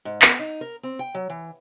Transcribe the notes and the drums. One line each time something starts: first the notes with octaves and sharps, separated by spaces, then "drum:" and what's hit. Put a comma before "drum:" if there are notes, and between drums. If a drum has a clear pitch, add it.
G#2
B3, drum: clap
D#4
A#4
C4
G5
F#3
E3